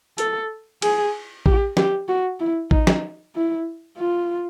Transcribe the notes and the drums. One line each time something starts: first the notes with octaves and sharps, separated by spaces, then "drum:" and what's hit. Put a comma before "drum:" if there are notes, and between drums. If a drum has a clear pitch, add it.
A4, drum: hi-hat
G#4, drum: cymbal
G4, drum: kick A1
G4, drum: snare
F#4
E4
D#4, drum: kick A1
drum: snare
E4
F4